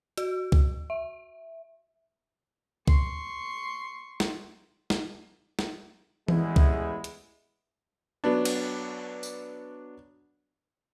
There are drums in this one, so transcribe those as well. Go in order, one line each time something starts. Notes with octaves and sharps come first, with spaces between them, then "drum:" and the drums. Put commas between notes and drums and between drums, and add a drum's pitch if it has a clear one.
F#4, drum: hi-hat
drum: kick
E5
C6 C#6, drum: kick
drum: snare
drum: snare
drum: snare
A1 E2 G#3 E4, drum: tom E3
drum: kick
drum: hi-hat
F#3 B3 D4
drum: cymbal
drum: tambourine